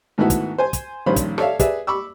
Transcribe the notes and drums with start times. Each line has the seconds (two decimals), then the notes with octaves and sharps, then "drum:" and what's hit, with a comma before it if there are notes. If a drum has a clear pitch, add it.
0.18 G#2 D#3 A3 B3 E4 F#4
0.30 drum: kick, hi-hat
0.58 C5 G#5
0.73 drum: kick, hi-hat
1.06 A#1 G2 D#3 C#4 C5 B5
1.16 drum: kick, hi-hat
1.38 A4 C#5 D5 E5 F5, drum: rim click
1.59 G#4 B4 D5 E5, drum: kick, hi-hat
1.87 B5 C#6 D6 E6